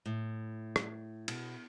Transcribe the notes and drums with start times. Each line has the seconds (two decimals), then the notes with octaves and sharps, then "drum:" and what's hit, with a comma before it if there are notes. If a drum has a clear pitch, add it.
0.06 A2
0.76 drum: rim click
1.28 B2, drum: cymbal